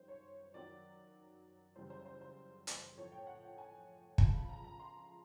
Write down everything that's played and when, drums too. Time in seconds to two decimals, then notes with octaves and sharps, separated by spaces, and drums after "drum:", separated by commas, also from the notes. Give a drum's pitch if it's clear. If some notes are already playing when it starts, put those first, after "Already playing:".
Already playing: F#2 D#3 G3 C5
0.08 C#5
0.54 F#2 D#3 F#3 D5
1.76 F#2 C#3 E3 G3 C5
1.90 C5
2.06 C5
2.21 C5
2.67 drum: hi-hat
2.97 A2 F3 C#5
3.12 G5
3.27 F#5
3.43 G5
3.58 G#5
4.18 C#2 C#3 F3 A5, drum: kick
4.33 B5
4.49 A#5
4.64 A#5
4.80 C6